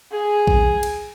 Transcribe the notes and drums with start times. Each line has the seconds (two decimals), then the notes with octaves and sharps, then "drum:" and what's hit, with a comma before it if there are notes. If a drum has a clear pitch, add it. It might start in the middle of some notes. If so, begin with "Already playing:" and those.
0.12 G#4
0.47 drum: kick A#1
0.83 drum: cymbal